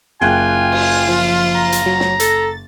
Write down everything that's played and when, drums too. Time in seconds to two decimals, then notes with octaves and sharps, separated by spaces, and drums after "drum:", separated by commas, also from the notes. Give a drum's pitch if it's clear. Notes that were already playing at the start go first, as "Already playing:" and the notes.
0.21 F#1 F4 G5 G#5 F#6 G#6
0.72 drum: cymbal
1.08 F3
1.56 A#5
1.72 drum: hi-hat
1.86 F#3
2.00 drum: snare
2.20 A4 A6, drum: hi-hat